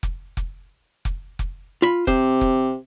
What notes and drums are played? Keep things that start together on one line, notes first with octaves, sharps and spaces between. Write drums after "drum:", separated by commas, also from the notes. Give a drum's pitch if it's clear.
drum: kick F1
drum: kick F1
drum: kick F1
drum: kick F1
F4 B5
C3 C5, drum: kick F1
drum: kick F1